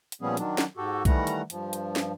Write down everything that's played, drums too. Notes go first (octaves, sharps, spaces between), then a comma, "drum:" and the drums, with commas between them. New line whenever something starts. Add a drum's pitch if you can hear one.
drum: hi-hat
A#2 F3 G3 B3 C#4 G#4
D#3 F#3 D4, drum: hi-hat
drum: snare
G#2 F#4 G4 A4
D#3 E3 G3 A3 F#5 A#5, drum: kick B1, hi-hat
drum: hi-hat
G2 F3, drum: hi-hat
drum: hi-hat
drum: snare